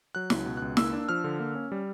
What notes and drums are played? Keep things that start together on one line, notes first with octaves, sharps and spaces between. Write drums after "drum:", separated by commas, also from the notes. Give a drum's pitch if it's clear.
F#3 F#6
C#2, drum: snare
B2
C#2 F#6
A#3 E6, drum: snare
D4
F3 F6
D3
A#3
C#4
G3